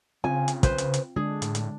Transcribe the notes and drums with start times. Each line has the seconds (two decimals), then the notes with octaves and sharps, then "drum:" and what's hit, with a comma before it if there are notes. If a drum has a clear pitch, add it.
0.24 C#3 C4 F4 G#5
0.48 drum: hi-hat
0.63 B4 C5, drum: kick, hi-hat
0.78 drum: hi-hat
0.94 drum: hi-hat
1.16 D3 G#3 D4 G#4
1.42 A2, drum: hi-hat
1.55 drum: hi-hat